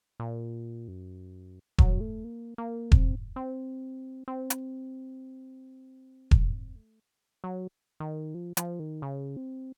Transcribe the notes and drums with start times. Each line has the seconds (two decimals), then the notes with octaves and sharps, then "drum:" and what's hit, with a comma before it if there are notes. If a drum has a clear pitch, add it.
0.20 A#2
0.88 F#2
1.78 F#3, drum: kick E1
2.00 A3
2.24 A#3
2.58 A#3
2.92 C4, drum: kick E1
3.36 C4
4.28 C4
4.50 drum: hi-hat
6.31 A#3, drum: kick E1
6.53 C4
6.76 A3
7.44 F#3
8.00 D#3
8.34 F3
8.57 F3, drum: hi-hat
8.80 D#3
9.02 C#3
9.37 C4